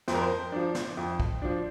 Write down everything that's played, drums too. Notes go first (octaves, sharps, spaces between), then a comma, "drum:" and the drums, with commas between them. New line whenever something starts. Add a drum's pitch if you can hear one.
F2 C5, drum: snare
A#4
C5
F3 D4
drum: snare
F2
drum: kick
F3 D4